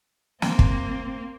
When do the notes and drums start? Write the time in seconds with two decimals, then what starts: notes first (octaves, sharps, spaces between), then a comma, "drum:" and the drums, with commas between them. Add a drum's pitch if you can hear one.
0.42 A#3 C4, drum: snare
0.59 drum: kick